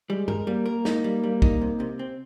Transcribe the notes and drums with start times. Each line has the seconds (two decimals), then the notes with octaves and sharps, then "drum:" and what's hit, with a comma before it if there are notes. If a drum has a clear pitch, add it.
0.09 G3 G#3
0.28 A#4, drum: tom G2
0.47 G3 A#3
0.66 A#4
0.85 D#4, drum: snare
1.04 G3
1.24 G3
1.42 D#4, drum: kick
1.61 C3
1.80 C3
1.99 C4